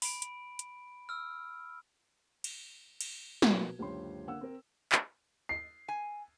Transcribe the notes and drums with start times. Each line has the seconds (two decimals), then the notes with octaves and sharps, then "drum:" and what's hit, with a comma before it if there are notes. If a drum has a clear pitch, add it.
0.02 B5 D7, drum: open hi-hat
0.22 drum: hi-hat
0.59 drum: hi-hat
1.09 E6 F6
2.44 drum: cymbal
3.01 drum: cymbal
3.42 A#1 B2 F#4 A#4 G#6, drum: snare
3.78 F#1 C#2 D3 G4 C#5 C6
4.27 D3 A#3 F#5 E6
4.41 C4 A#4
4.92 drum: clap
5.49 C7
5.88 G#5